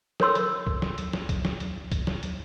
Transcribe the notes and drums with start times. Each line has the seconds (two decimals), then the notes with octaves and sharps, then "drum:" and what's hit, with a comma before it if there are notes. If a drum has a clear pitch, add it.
0.20 A4 A#4 C#5 C6 E6, drum: snare
0.35 drum: hi-hat
0.67 drum: kick C2
0.82 drum: snare
0.98 drum: hi-hat
1.13 drum: snare
1.29 drum: kick C2, hi-hat
1.45 drum: snare
1.60 drum: hi-hat
1.92 drum: kick C2, hi-hat
2.07 drum: snare
2.23 drum: hi-hat